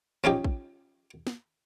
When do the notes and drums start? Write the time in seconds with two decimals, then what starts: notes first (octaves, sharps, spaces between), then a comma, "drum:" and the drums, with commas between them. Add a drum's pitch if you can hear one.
0.24 F3 C#4 D#4 G4
0.44 drum: kick
1.27 drum: snare